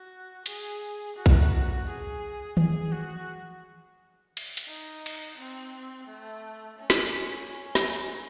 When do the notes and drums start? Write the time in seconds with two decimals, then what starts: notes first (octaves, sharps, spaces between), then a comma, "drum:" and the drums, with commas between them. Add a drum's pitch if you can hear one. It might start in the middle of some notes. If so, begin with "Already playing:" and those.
Already playing: F#4
0.46 G#4, drum: hi-hat
1.16 F#4
1.26 drum: kick A#1
1.87 G#4
2.57 G#4, drum: tom D#3
2.92 F#4
4.37 drum: cymbal
4.57 drum: hi-hat
4.68 D#4
5.06 drum: cymbal
5.38 C4
6.08 A3
6.79 C#4
6.90 drum: snare
7.75 drum: snare